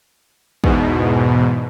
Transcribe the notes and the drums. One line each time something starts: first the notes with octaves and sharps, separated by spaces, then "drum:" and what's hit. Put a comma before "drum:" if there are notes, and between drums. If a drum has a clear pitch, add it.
E2 G#2 B2, drum: kick